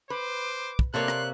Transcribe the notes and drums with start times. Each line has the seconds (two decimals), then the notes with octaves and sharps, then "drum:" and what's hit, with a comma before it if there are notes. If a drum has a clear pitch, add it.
0.10 B4 C5 D6
0.79 drum: kick
0.94 C3 A#3 A4 C#5 D5 C6 F#6
1.08 drum: rim click